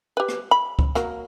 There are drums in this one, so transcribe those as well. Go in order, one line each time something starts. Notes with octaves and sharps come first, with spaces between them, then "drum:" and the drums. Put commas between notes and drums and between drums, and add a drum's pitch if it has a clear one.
G4 B4
drum: rim click
B5
drum: kick C#2
F#3 A#3, drum: rim click